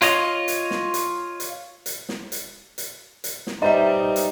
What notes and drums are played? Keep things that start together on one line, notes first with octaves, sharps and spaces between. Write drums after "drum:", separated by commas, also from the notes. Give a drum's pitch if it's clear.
F4 C#5 D#5, drum: hi-hat
drum: hi-hat
drum: snare
drum: hi-hat
drum: hi-hat
drum: hi-hat
drum: snare
drum: hi-hat
drum: hi-hat
drum: hi-hat
drum: snare
G3 D#4 B4 C5 D#5 E5 G5 A#5
drum: hi-hat